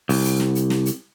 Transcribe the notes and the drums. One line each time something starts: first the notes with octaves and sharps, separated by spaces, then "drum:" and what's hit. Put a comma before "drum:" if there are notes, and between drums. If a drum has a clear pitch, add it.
C2, drum: open hi-hat
drum: hi-hat
drum: snare
drum: hi-hat
drum: snare
drum: hi-hat